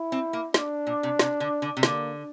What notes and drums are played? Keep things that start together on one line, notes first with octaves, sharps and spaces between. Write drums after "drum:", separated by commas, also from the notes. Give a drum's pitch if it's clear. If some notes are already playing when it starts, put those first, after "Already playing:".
Already playing: E4
C4
A#3
A#3 D4, drum: snare
A#2
C3
C3, drum: snare
D3
D3
C3
D3 A#3, drum: snare